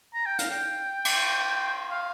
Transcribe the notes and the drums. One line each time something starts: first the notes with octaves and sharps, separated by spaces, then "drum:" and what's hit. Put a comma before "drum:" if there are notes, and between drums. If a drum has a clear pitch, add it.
A#5
G5
F5, drum: hi-hat
G5
drum: cymbal
F5